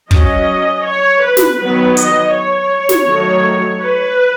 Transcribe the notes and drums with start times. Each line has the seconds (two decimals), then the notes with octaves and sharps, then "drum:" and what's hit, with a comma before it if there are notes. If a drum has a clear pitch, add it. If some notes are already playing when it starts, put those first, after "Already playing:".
0.11 F#3 C#4 D#5, drum: kick
0.85 C#5
1.22 B4
1.37 drum: snare
1.59 D#3 F#3 B3 B4
1.97 D#5, drum: hi-hat
2.34 C#5
2.89 drum: snare
3.07 D#3 F#3 A3
3.82 B4